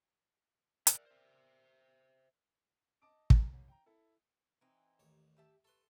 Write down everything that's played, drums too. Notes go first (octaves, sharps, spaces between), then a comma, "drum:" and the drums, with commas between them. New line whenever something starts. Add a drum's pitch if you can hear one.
A#4 D5 E5 F#5, drum: hi-hat
C5 E5
D#5 A5 D6 D#6 D7
A#4 G#5 A#5, drum: kick
A1
G5 A#5
E4 A4
E3 C4 D#4
A1 D#2 C#5
G4 E5 A5
A3 A4 B4 C6